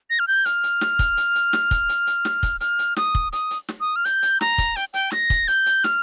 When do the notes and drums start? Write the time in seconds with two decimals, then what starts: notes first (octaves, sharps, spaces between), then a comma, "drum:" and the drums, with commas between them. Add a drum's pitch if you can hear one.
0.10 A#6
0.19 F6
0.28 G6
0.45 F6, drum: hi-hat
0.63 drum: hi-hat
0.81 drum: snare
0.99 drum: kick, hi-hat
1.17 drum: hi-hat
1.35 drum: hi-hat
1.53 drum: snare
1.71 drum: kick, hi-hat
1.89 drum: hi-hat
2.07 drum: hi-hat
2.25 drum: snare
2.43 drum: kick, hi-hat
2.60 F6, drum: hi-hat
2.79 drum: hi-hat
2.96 D#6, drum: snare
3.15 drum: kick
3.32 D#6, drum: hi-hat
3.51 drum: hi-hat
3.69 drum: snare
3.80 D#6
3.96 F6
4.05 G6, drum: hi-hat
4.22 drum: hi-hat
4.41 A#5, drum: snare
4.58 drum: kick, hi-hat
4.76 G5, drum: hi-hat
4.94 G5, drum: hi-hat
5.12 A#6, drum: snare
5.30 drum: kick, hi-hat
5.48 G6, drum: hi-hat
5.66 drum: hi-hat
5.84 F6, drum: snare